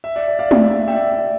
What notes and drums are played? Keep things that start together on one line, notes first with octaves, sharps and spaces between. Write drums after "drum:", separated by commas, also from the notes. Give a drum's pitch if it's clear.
E5
D5
D5
D5 F5
D5, drum: tom
E5
E5
E5 G5
D5
E5
E5
D5